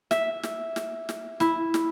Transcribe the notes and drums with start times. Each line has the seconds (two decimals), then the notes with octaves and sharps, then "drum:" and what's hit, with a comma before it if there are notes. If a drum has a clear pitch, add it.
0.11 E5, drum: snare
0.43 drum: snare
0.76 drum: snare
1.09 drum: snare
1.40 E4, drum: snare
1.74 drum: snare